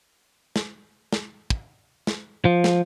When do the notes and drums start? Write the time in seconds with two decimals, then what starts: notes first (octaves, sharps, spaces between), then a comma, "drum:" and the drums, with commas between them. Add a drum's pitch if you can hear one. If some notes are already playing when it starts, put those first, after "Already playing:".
0.56 drum: snare
1.13 drum: snare
1.50 drum: kick
2.07 drum: snare
2.45 F3
2.64 drum: snare